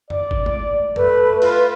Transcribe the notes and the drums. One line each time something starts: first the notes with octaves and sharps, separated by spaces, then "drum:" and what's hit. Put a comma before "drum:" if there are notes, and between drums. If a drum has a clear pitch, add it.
D5, drum: tom F2
drum: kick G1
drum: tom
A3 B4, drum: tom F2
F4, drum: cymbal